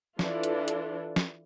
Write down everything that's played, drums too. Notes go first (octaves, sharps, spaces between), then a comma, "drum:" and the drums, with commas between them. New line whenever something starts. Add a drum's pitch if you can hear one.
E3 D4 F4 A4, drum: snare
drum: hi-hat
drum: hi-hat
drum: snare